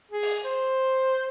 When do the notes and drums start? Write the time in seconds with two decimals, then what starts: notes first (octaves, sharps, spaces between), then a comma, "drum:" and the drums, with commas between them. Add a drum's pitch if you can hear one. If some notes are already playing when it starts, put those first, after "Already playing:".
0.11 G#4
0.23 drum: open hi-hat
0.45 C5